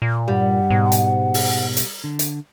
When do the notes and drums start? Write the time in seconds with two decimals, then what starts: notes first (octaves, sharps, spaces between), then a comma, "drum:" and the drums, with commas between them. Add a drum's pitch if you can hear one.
0.02 A#2
0.28 G2 G3 F#5
0.70 G#2 B2
0.92 drum: hi-hat
1.34 drum: open hi-hat
1.77 drum: hi-hat
2.04 D3
2.19 drum: hi-hat